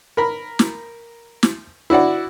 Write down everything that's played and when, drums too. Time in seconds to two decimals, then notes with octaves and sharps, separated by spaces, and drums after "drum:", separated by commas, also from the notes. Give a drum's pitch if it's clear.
0.17 A#4 B5
0.59 drum: snare
1.43 drum: snare
1.90 E4 F#4 D5 F#5